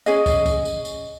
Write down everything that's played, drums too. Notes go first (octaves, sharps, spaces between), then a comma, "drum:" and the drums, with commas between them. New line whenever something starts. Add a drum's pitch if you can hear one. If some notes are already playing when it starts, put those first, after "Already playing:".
C#4 G#4 D#5, drum: tambourine
drum: kick, tambourine
drum: kick, tambourine
drum: tambourine
drum: tambourine